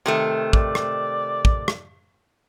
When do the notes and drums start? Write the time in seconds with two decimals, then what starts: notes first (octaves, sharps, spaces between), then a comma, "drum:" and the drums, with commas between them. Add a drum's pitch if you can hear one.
0.06 C3 D#3 A3
0.53 D5, drum: kick
0.75 drum: rim click
1.45 drum: kick
1.68 drum: rim click